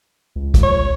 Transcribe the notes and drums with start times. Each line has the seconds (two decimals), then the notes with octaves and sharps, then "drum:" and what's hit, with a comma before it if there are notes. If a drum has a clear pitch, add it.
0.36 C#2
0.54 drum: kick, hi-hat
0.63 C#5